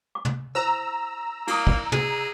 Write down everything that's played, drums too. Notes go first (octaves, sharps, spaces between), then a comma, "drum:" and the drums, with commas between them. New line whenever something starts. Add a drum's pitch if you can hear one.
D6
drum: tom
E4 C5 A#5 E6
A#3 E4 D#6, drum: cymbal
drum: kick
G#4, drum: tom